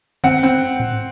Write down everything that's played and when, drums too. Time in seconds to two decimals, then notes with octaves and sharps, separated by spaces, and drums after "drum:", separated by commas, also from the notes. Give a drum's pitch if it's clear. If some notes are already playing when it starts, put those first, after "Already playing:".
0.24 C4 F#5, drum: tom
0.43 C4
0.80 drum: tom G#2